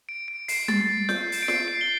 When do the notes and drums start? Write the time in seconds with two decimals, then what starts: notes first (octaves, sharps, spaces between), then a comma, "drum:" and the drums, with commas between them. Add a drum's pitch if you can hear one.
0.09 D7
0.28 D7
0.48 C7, drum: open hi-hat
0.68 A6, drum: tom G3
1.09 G6, drum: snare
1.32 drum: open hi-hat
1.42 D7
1.48 C7, drum: snare
1.68 D7
1.81 G7